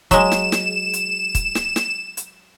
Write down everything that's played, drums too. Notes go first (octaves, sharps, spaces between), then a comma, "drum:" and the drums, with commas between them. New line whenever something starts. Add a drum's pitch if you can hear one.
F#3 G#3 E7, drum: kick, hi-hat
drum: snare
drum: snare
drum: hi-hat
drum: kick, hi-hat
drum: snare
drum: snare
drum: hi-hat